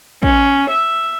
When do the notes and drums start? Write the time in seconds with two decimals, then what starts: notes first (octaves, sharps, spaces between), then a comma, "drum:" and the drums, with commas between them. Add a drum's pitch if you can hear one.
0.23 C#4, drum: kick
0.70 E5